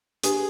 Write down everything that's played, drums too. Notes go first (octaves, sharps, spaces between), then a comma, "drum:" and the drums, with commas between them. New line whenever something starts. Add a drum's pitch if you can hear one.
D4 G4 G#4 B4, drum: hi-hat